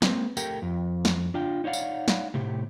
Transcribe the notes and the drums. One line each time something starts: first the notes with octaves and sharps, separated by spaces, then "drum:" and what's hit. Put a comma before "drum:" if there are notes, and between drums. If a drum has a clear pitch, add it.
G#3 A#3 C4 B4, drum: snare
A3 G4 A#4 G5, drum: tambourine
F2
drum: snare
D4 F4 G5
D#4 C#5 D5 F5 F#5
drum: tambourine
drum: snare
A2 C3 G4